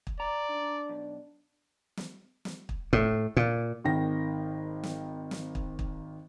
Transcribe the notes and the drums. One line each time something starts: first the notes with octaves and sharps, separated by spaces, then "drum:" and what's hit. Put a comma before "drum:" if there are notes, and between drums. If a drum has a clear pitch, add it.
drum: kick
D5 A#5
D4
B1
drum: snare
drum: snare
drum: kick
A2, drum: kick
A#2
G#1 D#3 G5 A#6
drum: snare
drum: snare
drum: kick
drum: kick